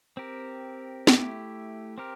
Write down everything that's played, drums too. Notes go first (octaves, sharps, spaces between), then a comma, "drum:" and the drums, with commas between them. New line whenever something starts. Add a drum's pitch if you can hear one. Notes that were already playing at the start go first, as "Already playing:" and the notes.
C4 G4 A#4
A3 E4 G4, drum: snare
C4 G4 A#4